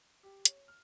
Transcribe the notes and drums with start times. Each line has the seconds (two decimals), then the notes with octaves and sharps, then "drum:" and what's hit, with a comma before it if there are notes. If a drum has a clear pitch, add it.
0.23 G4
0.46 C#5, drum: hi-hat
0.68 F6